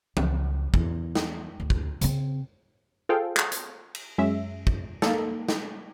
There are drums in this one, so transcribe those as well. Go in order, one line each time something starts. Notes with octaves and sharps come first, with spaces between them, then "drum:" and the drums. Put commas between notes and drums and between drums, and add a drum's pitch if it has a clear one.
C#2, drum: tom E3
E2, drum: kick
drum: snare
D2
drum: kick
C#3 C4, drum: hi-hat
F4 G#4 A4 C5 F5 G5
drum: clap
drum: hi-hat
drum: cymbal
F#2 G#3 C#4 E5
drum: kick
A#3 D#4 A4, drum: snare
drum: snare